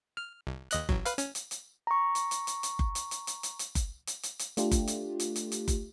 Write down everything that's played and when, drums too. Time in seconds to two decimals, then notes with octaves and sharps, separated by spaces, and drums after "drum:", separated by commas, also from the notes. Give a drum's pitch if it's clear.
0.17 F6
0.47 C2
0.71 D#2 D#5 F#6, drum: hi-hat
0.89 A1 F#3, drum: kick F#1
1.05 B4 F5, drum: hi-hat
1.18 C#4, drum: hi-hat
1.35 drum: hi-hat
1.51 drum: hi-hat
1.87 A#5 C#6
2.15 drum: hi-hat
2.31 drum: hi-hat
2.47 drum: hi-hat
2.63 drum: hi-hat
2.79 drum: kick F#1
2.95 drum: hi-hat
3.11 drum: hi-hat
3.27 drum: hi-hat
3.43 drum: hi-hat
3.59 drum: hi-hat
3.75 drum: kick F#1, hi-hat
4.07 drum: hi-hat
4.23 drum: hi-hat
4.39 drum: hi-hat
4.57 A3 D4 F4 G4, drum: hi-hat
4.71 drum: kick F#1, hi-hat
4.87 drum: hi-hat
5.20 drum: hi-hat
5.36 drum: hi-hat
5.52 drum: hi-hat
5.68 drum: kick F#1, hi-hat